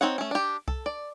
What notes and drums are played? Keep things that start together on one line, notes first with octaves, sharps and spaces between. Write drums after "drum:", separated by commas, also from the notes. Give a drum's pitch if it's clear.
C4 D#4 C#5 F#5
A3 C#4
D4 G4
A4, drum: kick C2
D5